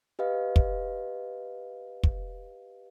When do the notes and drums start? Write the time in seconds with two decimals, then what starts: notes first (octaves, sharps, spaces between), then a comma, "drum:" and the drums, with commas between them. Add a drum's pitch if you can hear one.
0.19 G4 B4 D#5 F5
0.56 drum: kick
2.03 drum: kick